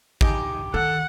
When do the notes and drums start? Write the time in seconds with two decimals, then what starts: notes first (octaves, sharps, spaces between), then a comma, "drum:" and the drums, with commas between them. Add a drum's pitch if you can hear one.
0.21 D#4 G4 D#5 G#5, drum: kick
0.74 D#3 A4 F#5